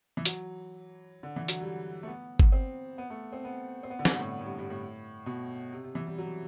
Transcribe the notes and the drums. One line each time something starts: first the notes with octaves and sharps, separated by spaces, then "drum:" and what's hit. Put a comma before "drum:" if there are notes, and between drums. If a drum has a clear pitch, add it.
E3
F#3, drum: hi-hat
D3
E3
F#3, drum: hi-hat
G3
A3
B3
drum: kick G1
C4
B3
A3
C4
B3
C4
B3
D3
C3, drum: snare
G2
A2
A2
G2
G2
A2
B2
C3
C3
E3
G3
F#3